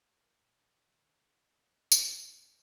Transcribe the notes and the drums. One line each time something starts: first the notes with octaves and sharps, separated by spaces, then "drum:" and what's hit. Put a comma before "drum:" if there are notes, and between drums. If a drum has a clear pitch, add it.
A#4
A#2
C3
D#3
A4
D2
A6
F#6
G#2, drum: tambourine
B4
D4